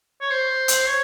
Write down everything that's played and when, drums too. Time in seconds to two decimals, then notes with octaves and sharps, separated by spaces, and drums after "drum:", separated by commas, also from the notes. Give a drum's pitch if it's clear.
0.22 C#5
0.31 C5
0.68 drum: hi-hat
0.87 C#5